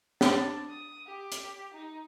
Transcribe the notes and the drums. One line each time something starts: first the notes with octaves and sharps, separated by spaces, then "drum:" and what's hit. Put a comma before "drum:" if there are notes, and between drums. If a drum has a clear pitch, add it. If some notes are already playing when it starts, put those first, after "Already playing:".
D4 A5, drum: snare
D#6
G4
drum: hi-hat
D#4